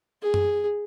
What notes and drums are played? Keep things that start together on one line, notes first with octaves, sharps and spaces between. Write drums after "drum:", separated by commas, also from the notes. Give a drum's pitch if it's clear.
G#4
drum: tom F#2